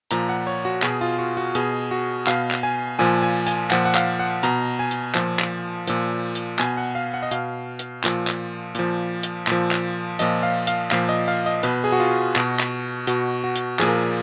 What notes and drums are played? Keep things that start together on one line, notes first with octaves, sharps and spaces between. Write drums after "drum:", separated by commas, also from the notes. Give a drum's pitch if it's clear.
A#2 F3 A#5, drum: hi-hat
F#5
C#5
F#4
B2 G#4, drum: clap
F4
F#4
F#4
B2 G#4, drum: hi-hat
F#4
B2 F5, drum: clap
drum: clap
G#5
A#2 F3 G#5
G#5
G#5, drum: hi-hat
A#2 F3 F#5, drum: clap
F#5
F5, drum: clap
F#5
B2 A#5, drum: hi-hat
G#5
drum: hi-hat
A#2 F3, drum: clap
drum: clap
A#2 F3, drum: hi-hat
drum: hi-hat
B2 G#5, drum: clap
F#5
F5
F#5
D#5
B2 F5, drum: hi-hat
drum: hi-hat
A#2 F3, drum: clap
drum: clap
A#2 F3, drum: hi-hat
drum: hi-hat
A#2 F3, drum: clap
drum: clap
A#2 F3 D#5, drum: hi-hat
F5
F5, drum: hi-hat
A#2 F3 F5, drum: clap
D#5
F5
D#5
B2 B4, drum: hi-hat
G#4
F#4
F4
B2 F#4, drum: clap
drum: clap
B2 F#4, drum: hi-hat
F#4
drum: hi-hat
A#2 F3 G#4, drum: clap
A#4
G#4